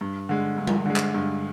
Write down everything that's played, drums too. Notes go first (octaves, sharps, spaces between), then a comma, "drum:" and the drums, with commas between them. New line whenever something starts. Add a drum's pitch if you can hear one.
G2
D3 G#3
G2
drum: tom G3
D3 G#3
drum: clap
G2